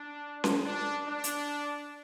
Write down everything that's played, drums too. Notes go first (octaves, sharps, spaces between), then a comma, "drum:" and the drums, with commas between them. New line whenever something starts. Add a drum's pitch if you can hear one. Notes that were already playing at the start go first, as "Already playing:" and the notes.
Already playing: D4
drum: snare C#4
D4
D4
drum: hi-hat